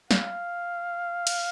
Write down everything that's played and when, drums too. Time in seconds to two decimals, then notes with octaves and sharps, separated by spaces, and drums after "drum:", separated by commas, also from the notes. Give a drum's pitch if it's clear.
0.11 F5, drum: snare
1.27 drum: cymbal